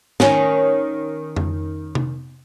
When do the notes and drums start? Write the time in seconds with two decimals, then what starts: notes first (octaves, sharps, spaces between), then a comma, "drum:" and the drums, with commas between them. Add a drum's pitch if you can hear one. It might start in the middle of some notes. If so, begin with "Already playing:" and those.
0.20 D#3 C#4, drum: snare
1.36 drum: tom F2
1.95 drum: tom C3